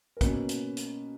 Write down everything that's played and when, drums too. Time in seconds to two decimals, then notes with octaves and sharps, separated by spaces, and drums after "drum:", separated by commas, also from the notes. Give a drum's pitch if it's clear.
0.17 A#4
0.21 B2 A#3 C#4 B4, drum: kick, hi-hat
0.49 drum: hi-hat
0.77 drum: hi-hat